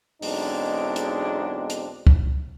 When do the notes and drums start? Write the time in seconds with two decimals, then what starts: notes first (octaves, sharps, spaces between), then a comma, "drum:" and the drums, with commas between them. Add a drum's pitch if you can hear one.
0.22 B1 E2 G#3 C4 D4 D#4, drum: open hi-hat
0.96 drum: hi-hat
1.70 drum: hi-hat
2.07 drum: kick C#2